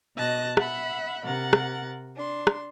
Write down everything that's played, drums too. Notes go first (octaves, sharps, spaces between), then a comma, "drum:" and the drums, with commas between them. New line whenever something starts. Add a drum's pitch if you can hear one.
B2 D#5 A5 F#6 A#6
E5 F#5 B5, drum: rim click
C3 A#4 F#5 A6
drum: rim click
D4 C6
drum: rim click